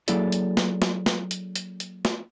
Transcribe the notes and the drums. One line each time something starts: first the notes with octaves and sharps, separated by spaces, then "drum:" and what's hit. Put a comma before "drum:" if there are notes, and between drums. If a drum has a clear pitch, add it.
F#3 A#3 E4 G#4 A4 D5, drum: hi-hat
drum: hi-hat
drum: snare
drum: snare
drum: snare
drum: hi-hat
drum: hi-hat
drum: hi-hat
drum: snare